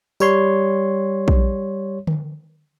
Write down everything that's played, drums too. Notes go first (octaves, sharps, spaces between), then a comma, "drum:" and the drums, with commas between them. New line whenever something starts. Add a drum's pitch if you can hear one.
G3 C#5 C6, drum: tambourine
drum: kick
drum: tom D3